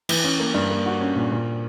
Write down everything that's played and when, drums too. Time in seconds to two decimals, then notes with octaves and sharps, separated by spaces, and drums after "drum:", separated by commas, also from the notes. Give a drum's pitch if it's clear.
0.09 E3, drum: cymbal
0.24 C#4
0.40 A#3
0.54 G2
0.70 A#3
0.86 F#4
1.01 C#4
1.16 A#2
1.32 A#2